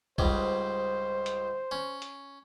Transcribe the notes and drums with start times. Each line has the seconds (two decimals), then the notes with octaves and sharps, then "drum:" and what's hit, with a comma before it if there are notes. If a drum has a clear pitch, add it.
0.18 C#2 G#2 G3 C5, drum: kick A#1
1.26 drum: hi-hat
1.71 C#4
2.02 drum: hi-hat